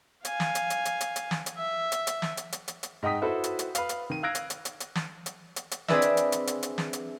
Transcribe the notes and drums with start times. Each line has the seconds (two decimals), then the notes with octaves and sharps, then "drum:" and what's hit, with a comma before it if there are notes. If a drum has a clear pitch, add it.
0.25 F5 G#5, drum: hi-hat
0.40 drum: snare
0.55 drum: hi-hat
0.70 drum: hi-hat
0.85 drum: hi-hat
1.01 drum: hi-hat
1.16 drum: hi-hat
1.31 drum: snare
1.46 drum: hi-hat
1.58 E5
1.92 drum: hi-hat
2.07 drum: hi-hat
2.22 drum: snare
2.37 drum: hi-hat
2.52 drum: hi-hat
2.68 drum: hi-hat
2.83 drum: hi-hat
3.03 G#2 D#5 F#5 G5 D#6 B6
3.22 E4 F#4 A4 B4 C5
3.44 drum: hi-hat
3.59 drum: hi-hat
3.75 B4 F5, drum: hi-hat
3.89 drum: hi-hat
4.10 D#3 D#7
4.23 F5 E6 F#6 G#6 A#6 D7
4.35 drum: hi-hat
4.50 drum: hi-hat
4.65 drum: hi-hat
4.80 drum: hi-hat
4.95 drum: snare
5.26 drum: hi-hat
5.56 drum: hi-hat
5.71 drum: hi-hat
5.88 C4 D4 G#4 B4 D5 E5, drum: snare
6.02 drum: hi-hat
6.17 drum: hi-hat
6.32 drum: hi-hat
6.47 drum: hi-hat
6.63 drum: hi-hat
6.78 drum: snare
6.93 drum: hi-hat